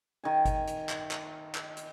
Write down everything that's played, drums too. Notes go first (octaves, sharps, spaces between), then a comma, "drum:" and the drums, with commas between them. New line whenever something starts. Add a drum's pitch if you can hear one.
D#3 G#5
drum: kick G1, hi-hat
drum: hi-hat
drum: clap
drum: clap
drum: clap
drum: hi-hat